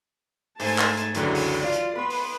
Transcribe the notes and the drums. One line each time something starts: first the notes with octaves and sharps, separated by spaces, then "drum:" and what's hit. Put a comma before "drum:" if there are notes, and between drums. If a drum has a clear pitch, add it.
G#2 A3 C5 G#5 A5, drum: open hi-hat
drum: clap
drum: hi-hat
C#2 F#2 D3 E3 F#3 G#4, drum: hi-hat
drum: open hi-hat
F4 D5 F5
drum: hi-hat
B3 B4 B5 C6
drum: open hi-hat